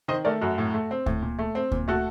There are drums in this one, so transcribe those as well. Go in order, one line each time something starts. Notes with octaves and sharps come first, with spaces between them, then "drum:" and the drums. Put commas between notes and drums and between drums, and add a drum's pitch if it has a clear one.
D#3 C5 D#5
A3 A#4 D5
F#2 F#4
A2
A3
C4
A2, drum: kick D2
A#2
A3
C4
A#2, drum: kick D2
A3 F#4 A4